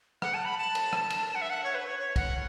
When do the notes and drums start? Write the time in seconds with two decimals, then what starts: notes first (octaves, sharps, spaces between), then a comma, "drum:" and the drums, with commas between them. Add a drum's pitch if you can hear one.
0.22 F#5, drum: rim click
0.34 A5
0.45 B5
0.58 A5
0.75 drum: cymbal
0.93 drum: rim click
1.10 drum: cymbal
1.28 A5
1.35 F#5
1.42 E5
1.50 F#5
1.64 C#5
1.75 B4
1.87 C#5
1.99 C#5
2.16 F#5, drum: kick, cymbal